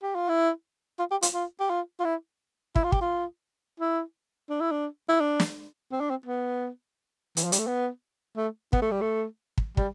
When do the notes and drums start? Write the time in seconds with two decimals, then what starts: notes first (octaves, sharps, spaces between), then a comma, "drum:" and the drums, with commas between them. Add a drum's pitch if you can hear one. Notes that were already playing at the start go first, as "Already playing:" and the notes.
0.03 G4
0.15 F4
0.29 E4
0.99 F4
1.11 G4
1.22 F4, drum: hi-hat
1.34 F4
1.60 G4
1.70 F4
2.00 F4
2.05 E4
2.76 E4, drum: kick
2.84 F4
2.92 G4, drum: kick
3.01 F4
3.80 E4
4.50 D4
4.61 E4
4.71 D4
5.09 E4
5.21 D4
5.40 drum: snare
5.92 C4
6.00 D4
6.10 C4
6.26 B3
7.37 E3, drum: hi-hat
7.44 F3
7.52 G3, drum: hi-hat
7.59 A3
7.67 B3
8.37 A3
8.73 B3, drum: kick
8.82 A3
8.91 G3
9.02 A3
9.58 drum: kick
9.77 G3, drum: kick